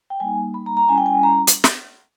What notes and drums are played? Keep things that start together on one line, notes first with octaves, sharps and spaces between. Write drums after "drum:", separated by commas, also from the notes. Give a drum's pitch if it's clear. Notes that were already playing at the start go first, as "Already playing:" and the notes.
G5
G3 A#3 D#4 G#5
B5
A#5
A#5
G3 C#4 E4 G#5
G5
G#5
A#5
drum: hi-hat
drum: snare